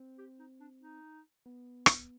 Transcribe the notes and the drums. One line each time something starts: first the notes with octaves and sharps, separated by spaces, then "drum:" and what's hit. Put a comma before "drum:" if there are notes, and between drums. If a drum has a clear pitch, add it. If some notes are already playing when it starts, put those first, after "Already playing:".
Already playing: C4
G4
D#4
D4
D#4
B3
drum: rim click